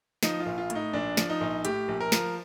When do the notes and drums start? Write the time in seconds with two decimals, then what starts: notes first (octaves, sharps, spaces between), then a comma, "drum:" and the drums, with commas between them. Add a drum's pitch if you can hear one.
0.23 F3 D#4, drum: snare
0.40 F4
0.46 A#1
0.58 F4
0.70 A2, drum: hi-hat
0.75 D#4
0.93 A#1 D4
1.17 F3, drum: snare
1.29 D#4
1.41 A#1
1.65 A2 G4, drum: hi-hat
1.88 A#1
2.00 A#4
2.12 F3, drum: snare